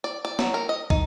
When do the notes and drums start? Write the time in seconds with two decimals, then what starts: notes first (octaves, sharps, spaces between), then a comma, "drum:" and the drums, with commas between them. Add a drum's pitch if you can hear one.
0.04 D5
0.25 D5
0.39 F#3, drum: snare
0.54 A#4
0.69 D#5
0.90 D#4, drum: kick